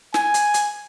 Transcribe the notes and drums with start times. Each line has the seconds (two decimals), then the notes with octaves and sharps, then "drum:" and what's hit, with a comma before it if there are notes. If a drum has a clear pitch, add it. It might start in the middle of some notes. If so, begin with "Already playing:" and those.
0.14 G#5, drum: snare
0.34 drum: hi-hat
0.54 drum: hi-hat